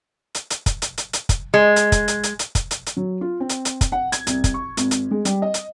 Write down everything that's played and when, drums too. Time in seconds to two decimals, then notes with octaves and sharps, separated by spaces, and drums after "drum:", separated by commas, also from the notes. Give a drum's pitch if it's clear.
0.35 drum: hi-hat
0.50 drum: hi-hat
0.66 drum: kick, hi-hat
0.82 drum: hi-hat
0.98 drum: hi-hat
1.13 drum: hi-hat
1.29 drum: kick, hi-hat
1.54 G#3
1.76 drum: hi-hat
1.92 drum: kick, hi-hat
2.08 drum: hi-hat
2.23 drum: hi-hat
2.39 drum: hi-hat
2.55 drum: kick, hi-hat
2.71 drum: hi-hat
2.86 drum: hi-hat
2.97 F#3
3.21 F4
3.40 C4
3.49 drum: hi-hat
3.65 drum: hi-hat
3.81 drum: kick, hi-hat
3.92 F#5
4.12 G#6, drum: hi-hat
4.27 C2, drum: hi-hat
4.44 drum: kick, hi-hat
4.54 C#6
4.77 G#1, drum: hi-hat
4.91 drum: hi-hat
5.11 G#3
5.25 G3, drum: hi-hat
5.42 D#5
5.54 drum: hi-hat